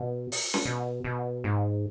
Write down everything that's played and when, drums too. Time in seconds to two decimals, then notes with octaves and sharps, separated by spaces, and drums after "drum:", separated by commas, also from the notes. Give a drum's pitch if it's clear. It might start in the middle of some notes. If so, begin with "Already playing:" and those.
Already playing: B2
0.32 drum: open hi-hat
0.54 drum: snare C#4
0.65 B2
1.04 B2
1.44 G#2